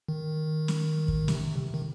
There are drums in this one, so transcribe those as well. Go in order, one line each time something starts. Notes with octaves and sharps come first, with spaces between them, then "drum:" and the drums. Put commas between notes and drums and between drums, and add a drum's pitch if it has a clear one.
D#3
drum: snare
drum: kick
C3, drum: snare
D#3